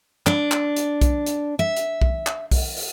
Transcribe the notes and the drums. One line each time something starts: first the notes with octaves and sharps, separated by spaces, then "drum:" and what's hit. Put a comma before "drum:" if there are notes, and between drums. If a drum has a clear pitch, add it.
D4, drum: clap
drum: clap
drum: hi-hat
drum: kick B1, hi-hat
drum: hi-hat
E5
drum: hi-hat
drum: kick B1
drum: clap
drum: kick B1, open hi-hat
drum: open hi-hat